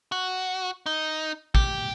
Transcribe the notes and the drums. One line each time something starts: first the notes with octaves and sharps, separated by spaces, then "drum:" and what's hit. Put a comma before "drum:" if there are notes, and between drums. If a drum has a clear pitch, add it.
F#4
D#4
G4, drum: kick